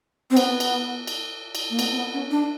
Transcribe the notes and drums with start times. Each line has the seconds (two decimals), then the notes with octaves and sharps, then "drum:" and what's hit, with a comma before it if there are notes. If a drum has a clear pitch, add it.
0.30 C4
0.37 B3, drum: cymbal
0.60 drum: cymbal
1.07 drum: cymbal
1.55 drum: cymbal
1.70 A#3
1.79 B3, drum: cymbal
1.92 C4
1.96 B3
2.13 C#4
2.31 D4